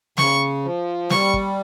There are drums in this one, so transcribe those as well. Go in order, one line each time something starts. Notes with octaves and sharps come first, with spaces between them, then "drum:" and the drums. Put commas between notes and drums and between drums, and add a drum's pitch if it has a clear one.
C#3 C#6, drum: snare
F3
G3 C#6, drum: snare
drum: kick